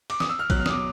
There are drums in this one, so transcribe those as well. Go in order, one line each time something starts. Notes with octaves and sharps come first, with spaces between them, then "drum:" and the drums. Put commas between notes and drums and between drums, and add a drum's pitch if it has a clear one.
D6, drum: cymbal
D#6, drum: snare
E6
F6
B2 F#3 F#6, drum: kick, cymbal
F6
D#6, drum: snare
D6